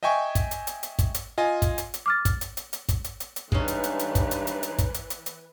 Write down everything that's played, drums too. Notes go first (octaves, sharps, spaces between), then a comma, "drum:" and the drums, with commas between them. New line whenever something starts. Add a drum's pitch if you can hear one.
D#5 E5 G5 G#5 C#6
drum: kick, hi-hat
drum: hi-hat
drum: hi-hat
drum: hi-hat
drum: kick, hi-hat
drum: hi-hat
F4 D#5 G#5
drum: kick, hi-hat
drum: hi-hat
drum: hi-hat
D6 F6 A6
drum: kick, hi-hat
drum: hi-hat
drum: hi-hat
drum: hi-hat
drum: kick, hi-hat
drum: hi-hat
drum: hi-hat
drum: hi-hat
G2 E3 G#3 A3 C#4 D#4 B4, drum: kick
drum: hi-hat
drum: hi-hat
drum: hi-hat
drum: kick, hi-hat
drum: hi-hat
drum: hi-hat
drum: hi-hat
drum: kick, hi-hat
drum: hi-hat
drum: hi-hat
drum: hi-hat